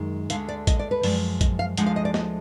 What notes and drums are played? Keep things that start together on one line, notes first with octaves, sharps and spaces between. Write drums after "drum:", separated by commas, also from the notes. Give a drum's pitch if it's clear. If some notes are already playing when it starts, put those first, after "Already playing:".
Already playing: F#2 D#3 G#3
D2 D3 G#3 F5, drum: hi-hat
D5
D#5, drum: kick, hi-hat
D5
B4
F#2 F3 G#3 D5, drum: open hi-hat
D#5, drum: kick, hi-hat
F5
D2 D3 F3 G#3 F#5, drum: hi-hat
F5
D#5
D5
D#5, drum: snare